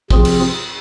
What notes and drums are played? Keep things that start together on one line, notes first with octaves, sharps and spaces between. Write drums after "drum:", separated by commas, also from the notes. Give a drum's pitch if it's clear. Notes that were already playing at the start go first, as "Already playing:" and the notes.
C3 F3 C4 F4 G#4, drum: kick
drum: cymbal